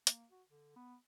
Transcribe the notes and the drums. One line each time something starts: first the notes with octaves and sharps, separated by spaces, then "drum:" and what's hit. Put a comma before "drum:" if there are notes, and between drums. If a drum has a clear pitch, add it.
A#3, drum: hi-hat
F#4
D3
B3